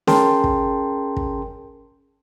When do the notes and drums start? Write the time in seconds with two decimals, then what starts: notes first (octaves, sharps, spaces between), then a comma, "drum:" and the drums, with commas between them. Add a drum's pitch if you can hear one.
0.07 C#4 G#4 A#4 G5 A5 C6, drum: snare
0.44 drum: kick
1.17 drum: kick